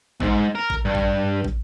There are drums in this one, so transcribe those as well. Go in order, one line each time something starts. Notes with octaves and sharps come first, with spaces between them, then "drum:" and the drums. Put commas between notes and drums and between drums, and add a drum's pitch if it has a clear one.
B1 G#2, drum: kick
A#4
drum: kick
G2
drum: kick
drum: kick